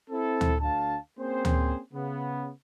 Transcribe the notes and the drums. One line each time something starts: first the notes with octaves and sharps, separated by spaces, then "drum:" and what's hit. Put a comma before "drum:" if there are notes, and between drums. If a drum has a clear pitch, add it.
C4 E4 A4
drum: tom D2
D2 D4 F5 A5
A#3 C4 C#4 G#4 C5
drum: tom D2
C#3 B3